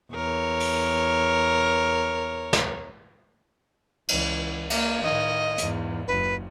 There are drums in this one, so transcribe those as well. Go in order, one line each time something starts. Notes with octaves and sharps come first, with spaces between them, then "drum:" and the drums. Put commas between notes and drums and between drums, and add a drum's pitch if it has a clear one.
E2 A#4 C#5
drum: open hi-hat
drum: snare
C#2 E3, drum: cymbal
A#3, drum: cymbal
A2 D#3 D#5
E2 G#2, drum: hi-hat
F#1 D#2 B4